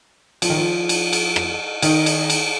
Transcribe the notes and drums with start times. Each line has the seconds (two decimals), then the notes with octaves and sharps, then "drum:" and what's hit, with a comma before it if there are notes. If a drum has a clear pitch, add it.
0.42 F3, drum: cymbal
0.50 D#3
0.57 F3
0.89 drum: cymbal
1.13 drum: cymbal
1.36 drum: rim click
1.82 D#3 D#4, drum: cymbal
2.06 drum: cymbal
2.30 drum: cymbal